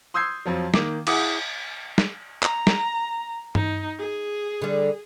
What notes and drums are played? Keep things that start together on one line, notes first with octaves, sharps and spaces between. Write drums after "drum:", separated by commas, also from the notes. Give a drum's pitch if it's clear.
C6 D#6 E6 G6 G#6 C7
F2 F3 F#3
D#3 A#3 D6, drum: snare
E4 G#4 F#5 D6 D#6, drum: cymbal
drum: snare
A#5, drum: clap
drum: snare
D#4, drum: tom G2
G#4
D3 G3